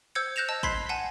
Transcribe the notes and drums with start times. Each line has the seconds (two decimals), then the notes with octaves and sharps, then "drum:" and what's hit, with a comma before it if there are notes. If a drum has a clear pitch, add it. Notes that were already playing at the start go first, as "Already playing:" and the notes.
0.15 C5 E6 G6 G#6 C#7
0.36 F#6 G6 A#6 E7 F7
0.49 D#5 A5
0.63 B5 C6 G#6 B6 C7, drum: kick
0.89 F#5 G#5 A5